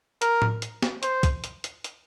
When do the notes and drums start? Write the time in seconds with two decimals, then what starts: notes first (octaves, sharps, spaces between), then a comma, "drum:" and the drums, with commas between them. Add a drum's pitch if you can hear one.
0.22 A#4, drum: hi-hat
0.42 drum: tom A2
0.62 drum: hi-hat
0.82 drum: snare
1.03 C5, drum: hi-hat
1.23 drum: kick, hi-hat
1.44 drum: hi-hat
1.64 drum: hi-hat
1.84 drum: hi-hat